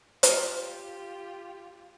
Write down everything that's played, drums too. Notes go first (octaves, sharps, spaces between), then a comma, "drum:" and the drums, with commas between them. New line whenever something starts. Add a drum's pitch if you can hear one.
F4 G4, drum: hi-hat